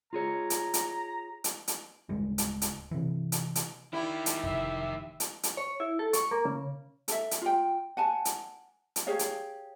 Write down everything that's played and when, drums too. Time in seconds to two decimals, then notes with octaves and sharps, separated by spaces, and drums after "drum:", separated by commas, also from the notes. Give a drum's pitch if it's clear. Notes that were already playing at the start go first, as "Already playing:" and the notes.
0.13 F4 G#4 C#5 A#5
0.50 drum: hi-hat
0.74 drum: hi-hat
1.44 drum: hi-hat
1.68 drum: hi-hat
2.09 D1 C#3 G3 G#3
2.38 drum: hi-hat
2.62 drum: hi-hat
2.91 C3 E3
3.32 drum: hi-hat
3.55 drum: hi-hat
3.93 D#3 E4 G4
4.26 drum: hi-hat
4.43 F1 E5
5.20 drum: hi-hat
5.43 drum: hi-hat
5.57 C#5
5.80 E4
5.99 A4
6.13 C#6, drum: hi-hat
6.31 A#3
6.45 C#3
7.08 A4 E5, drum: hi-hat
7.31 drum: hi-hat
7.42 F4 G5
7.97 F#5 G#5 A5
8.25 drum: hi-hat
8.96 drum: hi-hat
9.07 G4 G#4 C#5 F5
9.19 drum: hi-hat